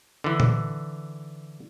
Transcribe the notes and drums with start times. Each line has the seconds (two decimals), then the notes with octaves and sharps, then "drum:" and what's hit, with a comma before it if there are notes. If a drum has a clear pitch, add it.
0.24 D3 E3
0.40 drum: tom A#2